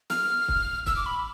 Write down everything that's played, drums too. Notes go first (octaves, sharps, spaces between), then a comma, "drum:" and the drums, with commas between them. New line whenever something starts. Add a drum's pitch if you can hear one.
F6, drum: snare
drum: kick
E6, drum: kick
D6
B5